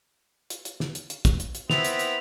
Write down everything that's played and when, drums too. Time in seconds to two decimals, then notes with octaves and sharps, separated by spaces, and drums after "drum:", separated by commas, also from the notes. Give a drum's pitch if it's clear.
0.50 drum: hi-hat
0.65 drum: hi-hat
0.80 drum: snare
0.95 drum: hi-hat
1.10 drum: hi-hat
1.25 drum: kick, hi-hat
1.40 drum: hi-hat
1.55 drum: hi-hat
1.70 B3 C4 E4 F7, drum: snare
1.84 drum: hi-hat
1.99 drum: hi-hat